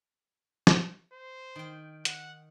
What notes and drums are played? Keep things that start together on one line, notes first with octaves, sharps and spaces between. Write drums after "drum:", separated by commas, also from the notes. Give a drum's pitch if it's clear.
drum: snare
C5
D#3 G5
F#5, drum: hi-hat